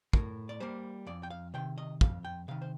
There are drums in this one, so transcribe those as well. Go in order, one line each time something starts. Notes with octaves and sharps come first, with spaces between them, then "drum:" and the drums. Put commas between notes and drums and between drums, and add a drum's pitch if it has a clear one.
A2 A#4, drum: kick
D5
G3 A#3 C5
F2 D5
G5
F5
C3 D#3 G5
D#5
F2 F5, drum: kick
G5
C3 D#3 F5
C5